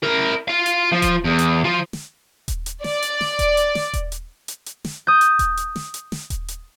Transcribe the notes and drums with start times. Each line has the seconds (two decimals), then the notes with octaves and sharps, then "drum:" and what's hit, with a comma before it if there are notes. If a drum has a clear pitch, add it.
0.03 E4 A#4
0.48 F4 F5
0.66 drum: hi-hat
0.92 F3
1.02 drum: kick D#1, hi-hat
1.24 E2
1.39 drum: hi-hat
1.64 F3
1.93 drum: snare
2.48 drum: kick D#1, hi-hat
2.66 drum: hi-hat
2.84 D5, drum: snare
3.02 drum: hi-hat
3.21 drum: snare
3.39 drum: kick D#1, hi-hat
3.57 drum: hi-hat
3.75 drum: snare
3.93 drum: kick D#1, hi-hat
4.12 drum: hi-hat
4.48 drum: hi-hat
4.66 drum: hi-hat
4.85 drum: snare
5.07 D#6 G6
5.21 drum: hi-hat
5.39 drum: kick D#1, hi-hat
5.57 drum: hi-hat
5.76 drum: snare
5.94 drum: hi-hat
6.12 drum: snare
6.30 drum: kick D#1, hi-hat
6.48 drum: hi-hat